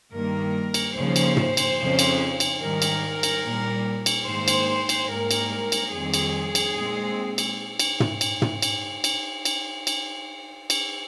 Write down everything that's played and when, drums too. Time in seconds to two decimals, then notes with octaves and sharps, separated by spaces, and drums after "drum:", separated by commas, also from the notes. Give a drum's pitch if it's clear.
0.12 G2 D#3 A#3 A#4
0.74 drum: cymbal
0.95 D#2 C#3 F3 C5
1.16 drum: cymbal
1.37 drum: tom
1.57 drum: cymbal
1.78 F2 C#3 F3
1.99 drum: cymbal
2.40 drum: cymbal
2.61 G#2 D#3 G3 A#4
2.82 drum: cymbal
3.23 drum: cymbal
3.44 A#2 G3 A#3
4.06 drum: cymbal
4.27 G#2 D#3 A#3 C5
4.48 drum: cymbal
4.89 drum: cymbal
5.10 G#2 G3 A#3 A#4
5.31 drum: cymbal
5.72 drum: cymbal
5.93 F2 D#3 G3 C4 G#4
6.14 drum: cymbal
6.55 drum: cymbal
6.76 A#2 G#3 C4
7.38 drum: cymbal
7.79 drum: cymbal
8.00 drum: tom
8.21 drum: cymbal
8.42 drum: tom
8.62 drum: cymbal
9.04 drum: cymbal
9.45 drum: cymbal
9.87 drum: cymbal
10.70 drum: cymbal